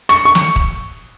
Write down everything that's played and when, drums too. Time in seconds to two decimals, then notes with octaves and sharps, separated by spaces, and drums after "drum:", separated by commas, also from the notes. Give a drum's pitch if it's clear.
0.09 C#6, drum: rim click
0.25 C#6
0.35 drum: snare
0.56 drum: kick